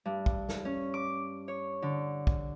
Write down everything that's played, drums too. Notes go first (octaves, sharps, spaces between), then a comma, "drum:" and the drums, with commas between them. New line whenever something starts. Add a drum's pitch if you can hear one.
G2
drum: kick
drum: snare
C#4
D6
C#5
D3
drum: kick